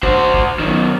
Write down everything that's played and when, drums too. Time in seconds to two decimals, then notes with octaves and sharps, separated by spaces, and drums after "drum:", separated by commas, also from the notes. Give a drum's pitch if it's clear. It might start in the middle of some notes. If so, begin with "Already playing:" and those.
0.03 F#4 C5, drum: kick
0.34 drum: kick
0.59 F#2 D#3